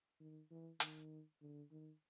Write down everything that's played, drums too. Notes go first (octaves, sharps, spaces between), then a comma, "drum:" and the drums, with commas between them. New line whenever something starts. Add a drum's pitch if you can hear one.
D#3
E3
D#3, drum: hi-hat
D3
D#3